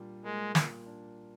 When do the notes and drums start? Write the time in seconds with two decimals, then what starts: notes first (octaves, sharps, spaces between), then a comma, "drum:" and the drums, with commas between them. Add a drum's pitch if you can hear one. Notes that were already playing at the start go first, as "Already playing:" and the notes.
Already playing: A#2 G3 D4
0.24 G#3 A#3
0.55 A#2, drum: snare
0.86 D4